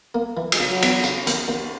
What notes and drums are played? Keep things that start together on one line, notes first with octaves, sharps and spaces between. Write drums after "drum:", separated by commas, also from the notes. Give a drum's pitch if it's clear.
A#3
E3
G#3, drum: cymbal
C#3
F#3
E2, drum: cymbal
C#3, drum: tambourine
D#2, drum: hi-hat
D#2